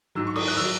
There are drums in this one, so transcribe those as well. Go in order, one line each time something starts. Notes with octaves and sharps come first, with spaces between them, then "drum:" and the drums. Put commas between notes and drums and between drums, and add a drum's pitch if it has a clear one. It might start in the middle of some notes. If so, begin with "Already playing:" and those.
G#2 F#3 E6
C#6
D#6, drum: cymbal
F#6
F#3 E6